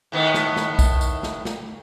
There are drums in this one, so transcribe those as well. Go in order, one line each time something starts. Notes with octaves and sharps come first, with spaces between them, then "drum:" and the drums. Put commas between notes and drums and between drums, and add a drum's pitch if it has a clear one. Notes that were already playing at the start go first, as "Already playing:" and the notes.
A2 D#3 B3
drum: snare
drum: snare
drum: kick, tambourine
drum: tambourine
drum: snare
drum: snare